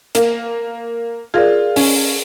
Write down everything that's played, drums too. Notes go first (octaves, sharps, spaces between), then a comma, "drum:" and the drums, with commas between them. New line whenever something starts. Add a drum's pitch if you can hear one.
A#3, drum: hi-hat
F4 G#4 A#4 D5
C#4, drum: open hi-hat